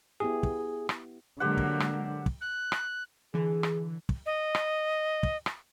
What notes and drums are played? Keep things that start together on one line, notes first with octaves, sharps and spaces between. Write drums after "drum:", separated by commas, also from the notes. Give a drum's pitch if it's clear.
B3 E4 G4 G#4
drum: kick
drum: rim click
D3 F#3 G#3 A#3 G4 C5 F#5
drum: kick
drum: rim click
drum: kick
F#6
drum: rim click
D3 E3 G#4
drum: rim click
drum: kick
D#5
drum: rim click
drum: kick
drum: rim click